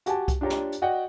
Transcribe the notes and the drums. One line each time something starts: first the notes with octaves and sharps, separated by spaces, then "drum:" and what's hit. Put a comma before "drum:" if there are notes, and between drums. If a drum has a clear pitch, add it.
F#4 G4 G#5 A5, drum: hi-hat
drum: kick C2, hi-hat
D4 F4 G4 C#5 A#5
drum: snare
drum: hi-hat
F#4 D5 D#5 F#5 G5